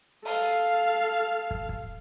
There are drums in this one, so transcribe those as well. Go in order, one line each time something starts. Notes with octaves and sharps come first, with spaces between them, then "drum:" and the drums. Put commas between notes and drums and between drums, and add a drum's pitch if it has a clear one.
A4 F5, drum: open hi-hat
drum: kick
drum: kick